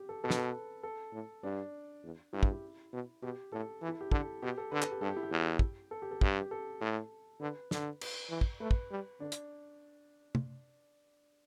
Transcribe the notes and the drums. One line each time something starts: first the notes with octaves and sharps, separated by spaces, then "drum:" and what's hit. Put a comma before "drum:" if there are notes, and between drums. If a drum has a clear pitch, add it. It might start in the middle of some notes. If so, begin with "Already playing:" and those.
Already playing: G4
A4
B2 A4
B4, drum: snare
A4
A4
A2
G2 D4
E2
G2 E4
G4, drum: kick
E4
B2
B2 G4
A2 A4
E3
E4
G4
D3 A4, drum: kick
B2 G4
A4
D3 B4
A4, drum: clap
G4
G2 A4
G4
E4
G4
E2
drum: kick
A4
G4
A4
G2 G4, drum: kick
G4
A4
A2 A4
D3 B4
D3, drum: snare
B4, drum: cymbal
E3
drum: kick
A3 B4
drum: kick
G3
D3 D4
drum: hi-hat
drum: tom